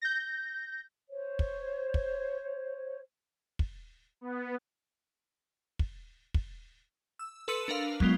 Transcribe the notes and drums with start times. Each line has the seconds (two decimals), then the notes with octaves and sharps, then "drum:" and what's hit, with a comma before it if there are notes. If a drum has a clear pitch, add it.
0.02 G6 A#6
1.09 C5 C#5
1.39 drum: kick
1.94 drum: kick
3.59 drum: kick
4.21 B3
5.79 drum: kick
6.34 drum: kick
7.19 E6
7.48 A4 B4 C6 E6 C#7 D#7
7.68 D4 A#4 B4 F5
8.00 F#3 G#3 B3 F4 G7, drum: kick